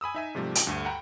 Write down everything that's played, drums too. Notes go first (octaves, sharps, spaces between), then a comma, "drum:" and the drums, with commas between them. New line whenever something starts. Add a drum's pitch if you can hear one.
G#5 B5 D#6 E6
D#4 E5 G#5
G#2 C3 F3 G3 A3
G4, drum: hi-hat
D2 G2 G#5
F#5 G5 A#5 B5